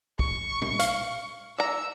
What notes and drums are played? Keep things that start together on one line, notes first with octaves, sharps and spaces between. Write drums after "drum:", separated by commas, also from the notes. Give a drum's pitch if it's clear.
C#6, drum: kick
drum: tom
F5, drum: hi-hat
D5 A#5 E6